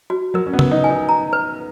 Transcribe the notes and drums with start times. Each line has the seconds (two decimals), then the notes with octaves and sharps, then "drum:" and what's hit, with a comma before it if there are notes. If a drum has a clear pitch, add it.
0.10 F#4
0.34 F#3 A#4
0.47 C#4
0.53 B3
0.59 A#4, drum: tom C#3
0.71 D#4
0.84 G#5
0.90 D#4
1.09 A#5
1.33 B4